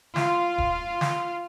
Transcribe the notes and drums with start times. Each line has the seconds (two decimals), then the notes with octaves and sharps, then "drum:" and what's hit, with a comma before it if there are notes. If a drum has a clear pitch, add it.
0.16 F4 F5, drum: snare
0.58 drum: kick
1.01 drum: snare